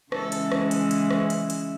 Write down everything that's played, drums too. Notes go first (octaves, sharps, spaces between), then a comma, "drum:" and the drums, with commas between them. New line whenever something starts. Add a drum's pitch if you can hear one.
C#3 E3 G#3 C#4 E4 A4, drum: rim click
drum: hi-hat
drum: rim click
drum: hi-hat
drum: hi-hat
drum: rim click
drum: hi-hat
drum: hi-hat